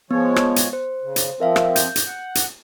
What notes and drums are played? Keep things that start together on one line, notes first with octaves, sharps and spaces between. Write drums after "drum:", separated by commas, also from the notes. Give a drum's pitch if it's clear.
F3 G#3 B3 C#5
drum: rim click
drum: hi-hat
C5
C#3
drum: hi-hat
F3 C4 A#4 E5 F5
drum: rim click
G6, drum: hi-hat
drum: hi-hat
F#5
drum: hi-hat